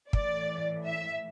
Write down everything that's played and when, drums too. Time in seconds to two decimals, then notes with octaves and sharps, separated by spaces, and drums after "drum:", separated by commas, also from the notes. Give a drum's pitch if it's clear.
0.13 A2 E3 D5, drum: kick
0.85 E5